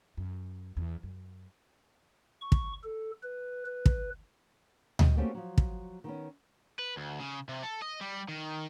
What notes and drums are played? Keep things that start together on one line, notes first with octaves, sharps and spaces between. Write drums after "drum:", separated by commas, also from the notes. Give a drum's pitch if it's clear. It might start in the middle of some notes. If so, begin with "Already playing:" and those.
F#2
E2
F#2
C#6
drum: kick
A4
B4
B4
drum: kick
B2 D#5 G5, drum: tom D2
A3 A#3 C4 C#4 F#4 G4
F3 F#3
drum: kick
D#3 B3 C#4
B4
D2
C#3
C3
A4
D#5
G3
D#3